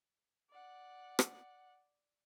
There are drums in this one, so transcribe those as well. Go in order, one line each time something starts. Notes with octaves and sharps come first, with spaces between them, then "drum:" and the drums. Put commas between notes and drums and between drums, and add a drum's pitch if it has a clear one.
D5 F#5
drum: rim click